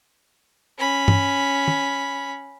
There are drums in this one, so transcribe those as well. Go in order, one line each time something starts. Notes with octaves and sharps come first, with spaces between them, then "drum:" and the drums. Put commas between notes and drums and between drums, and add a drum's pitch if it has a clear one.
C#4 B5
drum: tom G2
drum: tom